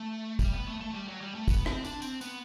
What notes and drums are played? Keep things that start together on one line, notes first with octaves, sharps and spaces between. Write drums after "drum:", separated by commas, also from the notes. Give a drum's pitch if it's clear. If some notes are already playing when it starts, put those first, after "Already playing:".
Already playing: A3
G3, drum: kick, tambourine
B3
A3
A3
G3
F#3
G3
A3
B3, drum: kick, tambourine
C4, drum: rim click
D4, drum: tambourine
C4, drum: tambourine
B3, drum: tambourine